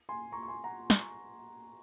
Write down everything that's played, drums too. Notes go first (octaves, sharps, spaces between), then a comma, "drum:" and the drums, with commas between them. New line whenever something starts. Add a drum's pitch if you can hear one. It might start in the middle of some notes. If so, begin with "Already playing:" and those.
G#5 C6
A#5 C#6
C#6
G#5 C6
F#5 A#5
drum: snare